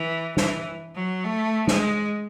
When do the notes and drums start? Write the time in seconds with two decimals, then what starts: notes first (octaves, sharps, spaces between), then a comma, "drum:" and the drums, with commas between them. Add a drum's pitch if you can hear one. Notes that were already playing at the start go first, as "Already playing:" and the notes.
Already playing: E3
0.37 E3, drum: snare
0.95 F#3
1.24 A3
1.67 G#3, drum: snare